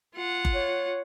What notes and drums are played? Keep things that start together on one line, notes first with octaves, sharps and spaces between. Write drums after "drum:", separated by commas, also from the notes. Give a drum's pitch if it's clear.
F4 F#5
drum: kick F#1
C#5